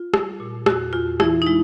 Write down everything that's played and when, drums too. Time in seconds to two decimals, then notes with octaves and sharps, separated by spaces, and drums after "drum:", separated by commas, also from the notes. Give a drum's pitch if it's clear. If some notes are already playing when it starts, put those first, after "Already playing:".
Already playing: F4
0.14 G3, drum: rim click
0.40 A#2
0.66 E2 F#4, drum: rim click
0.93 E2 F4
1.20 E3 E4, drum: rim click
1.42 D#4
1.46 G#3 E4